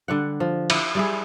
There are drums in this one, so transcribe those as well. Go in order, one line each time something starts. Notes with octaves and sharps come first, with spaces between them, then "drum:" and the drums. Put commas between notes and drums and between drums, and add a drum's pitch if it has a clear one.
D3 G3 F#5
F3
E4, drum: cymbal
G3 E4 G#4